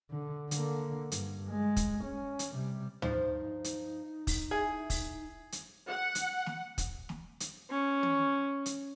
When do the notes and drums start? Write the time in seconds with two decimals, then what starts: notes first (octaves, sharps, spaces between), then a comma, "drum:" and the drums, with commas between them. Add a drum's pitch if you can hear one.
0.11 D3
0.51 D3 A#3, drum: hi-hat
1.12 G2, drum: hi-hat
1.49 G#3
1.76 drum: kick, hi-hat
2.04 C#4
2.39 drum: hi-hat
2.53 C3 G3
3.02 G2 F3 D#4 C5, drum: tom
3.64 drum: hi-hat
4.27 drum: kick, open hi-hat
4.51 E4 G#4
4.90 drum: kick, open hi-hat
5.52 drum: hi-hat
5.88 F#5
6.15 drum: hi-hat
6.46 drum: snare
6.78 drum: kick, hi-hat
7.09 drum: snare
7.40 drum: hi-hat
7.70 C#4
8.03 drum: tom
8.66 drum: hi-hat